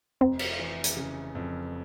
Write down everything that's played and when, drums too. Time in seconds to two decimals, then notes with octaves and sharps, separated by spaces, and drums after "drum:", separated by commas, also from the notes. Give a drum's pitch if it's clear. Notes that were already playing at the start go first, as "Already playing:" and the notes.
0.21 F1 C4
0.39 drum: cymbal
0.59 E3
0.84 drum: hi-hat
0.97 C#3
1.35 F2